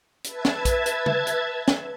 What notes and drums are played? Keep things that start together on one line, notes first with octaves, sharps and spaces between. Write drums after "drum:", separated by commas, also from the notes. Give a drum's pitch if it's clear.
B4 E5 A5 G#6, drum: hi-hat
drum: snare
drum: kick, hi-hat
drum: hi-hat
drum: tom
drum: hi-hat
drum: snare